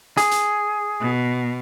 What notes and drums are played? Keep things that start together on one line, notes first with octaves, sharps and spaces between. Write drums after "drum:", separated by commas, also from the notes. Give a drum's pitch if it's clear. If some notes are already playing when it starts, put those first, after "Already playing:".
G#4, drum: hi-hat
drum: hi-hat
B2